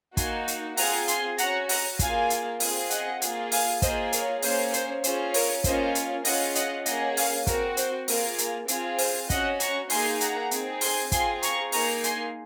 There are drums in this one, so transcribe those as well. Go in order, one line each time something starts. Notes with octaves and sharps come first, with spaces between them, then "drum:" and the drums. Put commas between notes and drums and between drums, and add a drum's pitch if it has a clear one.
A#3 D#4 F#4 G#5 C6, drum: kick, hi-hat
drum: hi-hat
C4 F4 G#4 F#5 A#5, drum: open hi-hat
G#5 C6, drum: hi-hat
C#4 F#4 F#5 A#5, drum: hi-hat
F#5 A#5, drum: open hi-hat
A#3 F4 G#4 F5 G#5, drum: kick, hi-hat
drum: hi-hat
C4 F4 G#4, drum: open hi-hat
D#5 F#5, drum: hi-hat
A#3 F4 G#4, drum: hi-hat
F5 G#5, drum: open hi-hat
A#3 F4 G#4 C5 D#5, drum: kick, hi-hat
A#4 C#5, drum: hi-hat
A#3 C#4 G#4 C5, drum: open hi-hat
C5, drum: hi-hat
C#4 F4 G#4 C5, drum: hi-hat
A#4 C#5, drum: open hi-hat
A#3 C#4 F4 G#4 C5 D#5, drum: kick, hi-hat
drum: hi-hat
C#4 F4 G#4 D#5 F#5, drum: open hi-hat
D#5 F#5, drum: hi-hat
A#3 C#4 G#4 D#5 F#5, drum: hi-hat
C#5 F5, drum: open hi-hat
C4 F#4 A#4, drum: kick, hi-hat
C5, drum: hi-hat
A#3 F4 G#4 A#4, drum: open hi-hat
drum: hi-hat
C4 F4 G#4, drum: hi-hat
C5, drum: open hi-hat
C#4 F#4 D#5 F#5, drum: kick, hi-hat
A#5 C#6, drum: hi-hat
A#3 D#4 G#4 G#5 C6, drum: open hi-hat
F#5 A#5, drum: hi-hat
C4 D#4 G#4, drum: hi-hat
G#5 C6, drum: open hi-hat
C4 F4 G#4 G#5 C6, drum: kick, hi-hat
A#5 C#6, drum: hi-hat
A#3 D#4 G#4 A#5 C#6, drum: open hi-hat
G#5 C6, drum: hi-hat